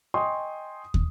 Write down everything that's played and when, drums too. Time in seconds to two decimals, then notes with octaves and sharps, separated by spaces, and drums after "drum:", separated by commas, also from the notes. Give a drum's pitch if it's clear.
0.14 D#5 G5 G#5 C6 C#6 D#6
0.94 drum: kick